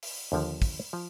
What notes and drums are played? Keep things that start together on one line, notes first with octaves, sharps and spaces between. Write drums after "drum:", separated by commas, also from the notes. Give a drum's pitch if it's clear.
drum: open hi-hat
D#2 D3 F3
drum: kick, open hi-hat
F3